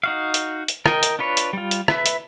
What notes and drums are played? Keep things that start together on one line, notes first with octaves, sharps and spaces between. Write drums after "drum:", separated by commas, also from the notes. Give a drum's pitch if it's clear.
D#4 F#4 F5
drum: hi-hat
drum: hi-hat
A#4 D#5 G5, drum: rim click
drum: hi-hat
D4 F4 B4 C#5
drum: hi-hat
G3 F4
drum: hi-hat
B4 E5, drum: rim click
drum: hi-hat